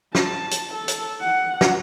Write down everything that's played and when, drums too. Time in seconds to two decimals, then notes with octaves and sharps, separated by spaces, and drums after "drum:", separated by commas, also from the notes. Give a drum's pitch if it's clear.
0.15 A5, drum: snare
0.51 drum: hi-hat
0.74 A4
0.88 drum: hi-hat
1.21 F#5
1.61 drum: snare